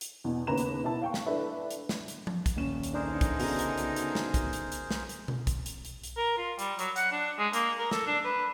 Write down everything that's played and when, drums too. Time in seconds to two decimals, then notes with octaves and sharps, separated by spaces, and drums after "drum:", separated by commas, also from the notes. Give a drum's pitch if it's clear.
0.01 drum: hi-hat
0.24 E2 B2
0.47 D#2 C#3 B4 A#5 E7
0.58 drum: hi-hat
0.83 B2 E4 A5
1.02 F5 G5 C#6
1.14 drum: snare
1.26 D4 E4 A4 B4 E5
1.71 drum: hi-hat
1.89 drum: snare
2.08 drum: hi-hat
2.27 drum: tom F3
2.46 drum: kick B1, hi-hat
2.56 D#1 C#4 E7
2.83 drum: hi-hat
2.94 D3 E3 D4 D#4 G#4 A#4 C5
3.21 drum: kick B1, hi-hat
3.40 C#3 B3 F#4, drum: open hi-hat
3.59 drum: hi-hat
3.78 drum: hi-hat
3.96 drum: hi-hat
4.15 drum: snare
4.34 drum: kick B1, hi-hat
4.53 drum: hi-hat
4.72 drum: hi-hat
4.91 drum: snare
5.09 drum: hi-hat
5.28 drum: tom B2
5.47 drum: kick B1, hi-hat
5.66 drum: hi-hat
5.85 drum: hi-hat
6.04 drum: hi-hat
6.16 A#4
6.38 F4
6.59 G3, drum: hi-hat
6.79 F#3, drum: hi-hat
6.96 F#5, drum: hi-hat
7.12 D4
7.39 G#3
7.53 A#3, drum: hi-hat
7.78 A#4
7.91 A4, drum: snare
8.07 D4
8.24 B4